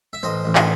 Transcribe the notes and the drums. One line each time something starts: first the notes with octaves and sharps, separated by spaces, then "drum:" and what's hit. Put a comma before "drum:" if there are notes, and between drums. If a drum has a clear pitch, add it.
E5
A1 C5 D#5
A1
C5 D#5, drum: clap